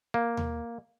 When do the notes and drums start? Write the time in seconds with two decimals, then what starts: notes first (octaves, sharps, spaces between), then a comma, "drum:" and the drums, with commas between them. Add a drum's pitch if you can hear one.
0.14 A#3
0.37 drum: tom D#2